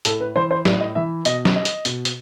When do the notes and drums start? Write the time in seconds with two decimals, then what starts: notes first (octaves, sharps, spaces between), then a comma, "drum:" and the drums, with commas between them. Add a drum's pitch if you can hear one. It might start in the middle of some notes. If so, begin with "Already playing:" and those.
0.05 A2 A4, drum: hi-hat
0.20 B4
0.35 E3 C5
0.51 C5
0.65 A2 D5, drum: snare
0.80 D#5
0.95 E3 E5
1.25 B2 D#5, drum: hi-hat
1.45 drum: snare
1.56 D#5
1.65 drum: hi-hat
1.85 B2, drum: hi-hat
2.05 drum: hi-hat